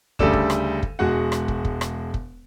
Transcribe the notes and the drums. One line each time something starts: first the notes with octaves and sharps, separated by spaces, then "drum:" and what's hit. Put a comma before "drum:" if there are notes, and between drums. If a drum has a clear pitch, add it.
D2 C#3 G3 A4 D5 E7, drum: kick
drum: kick
drum: rim click
drum: kick
E1 G#3 F#4 F#5
drum: rim click
drum: kick
drum: kick
drum: rim click
drum: kick